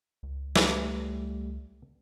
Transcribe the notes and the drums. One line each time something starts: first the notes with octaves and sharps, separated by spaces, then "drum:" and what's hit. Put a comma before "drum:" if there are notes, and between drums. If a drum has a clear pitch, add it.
C#2
E3 G3 A3, drum: snare